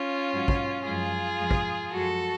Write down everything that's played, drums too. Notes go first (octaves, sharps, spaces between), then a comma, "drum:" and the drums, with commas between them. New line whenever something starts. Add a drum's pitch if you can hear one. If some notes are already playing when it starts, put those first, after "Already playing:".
Already playing: C#4 F4
G#2 F#3
drum: kick
F#2 F3 G#3 F4 G#4
F2 F3 G#3
drum: kick
F#2 F3 G#3 F#4 A4